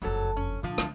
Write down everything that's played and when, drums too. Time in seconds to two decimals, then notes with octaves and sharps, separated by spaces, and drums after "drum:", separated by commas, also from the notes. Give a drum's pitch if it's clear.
0.02 F#1 F2 G#2 F#3 A4
0.36 C#4
0.63 A#2 D3 F3
0.78 D2, drum: rim click